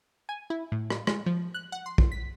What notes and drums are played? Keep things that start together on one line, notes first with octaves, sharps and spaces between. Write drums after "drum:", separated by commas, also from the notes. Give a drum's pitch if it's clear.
G#5
E4
A2
drum: rim click
G#3, drum: rim click
F3
F#6
F#5
C6
drum: kick
B6